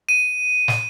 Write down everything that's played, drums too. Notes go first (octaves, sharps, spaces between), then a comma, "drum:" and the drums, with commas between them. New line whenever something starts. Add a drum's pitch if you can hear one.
D#7
drum: snare